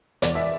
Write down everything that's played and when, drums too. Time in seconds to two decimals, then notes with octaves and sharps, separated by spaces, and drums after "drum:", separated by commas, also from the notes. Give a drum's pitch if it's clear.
0.22 E2 D5, drum: hi-hat
0.35 E5